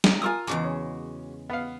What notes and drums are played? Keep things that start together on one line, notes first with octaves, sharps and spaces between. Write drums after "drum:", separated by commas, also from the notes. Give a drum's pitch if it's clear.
drum: snare
F4 A#4 G#5 C#6 D#6 E6
E2 C#3 G#3 F#4 D6
C#4
B3 F5